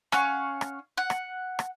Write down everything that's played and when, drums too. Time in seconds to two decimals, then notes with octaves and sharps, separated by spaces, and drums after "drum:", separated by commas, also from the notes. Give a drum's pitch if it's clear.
0.12 C#4 F5 F#5 C#6, drum: rim click
0.61 drum: rim click
0.98 F#5
1.10 drum: rim click
1.59 drum: rim click